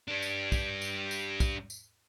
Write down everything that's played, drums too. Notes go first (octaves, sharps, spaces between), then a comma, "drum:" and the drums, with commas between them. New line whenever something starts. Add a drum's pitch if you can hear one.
G3 D4
drum: tambourine
drum: kick, tambourine
drum: tambourine
drum: tambourine
drum: kick, tambourine
drum: tambourine